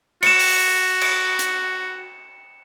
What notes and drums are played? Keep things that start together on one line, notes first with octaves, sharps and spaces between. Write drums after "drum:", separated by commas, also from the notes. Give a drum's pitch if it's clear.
F#4 C#7 E7, drum: cymbal
drum: open hi-hat
drum: cymbal
drum: hi-hat